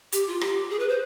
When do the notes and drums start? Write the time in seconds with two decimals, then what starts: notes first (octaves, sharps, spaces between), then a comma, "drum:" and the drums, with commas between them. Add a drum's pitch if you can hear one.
0.12 G4, drum: hi-hat
0.27 F4
0.41 G4, drum: rim click
0.70 G#4
0.80 B4
0.89 C5